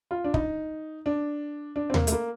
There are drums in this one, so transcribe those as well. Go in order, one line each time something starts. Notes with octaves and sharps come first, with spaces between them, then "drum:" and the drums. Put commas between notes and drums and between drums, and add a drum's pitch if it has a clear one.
F4
D4
D#4, drum: kick
D4
D4
C4
A#3, drum: tom D#2
A3, drum: hi-hat
A#3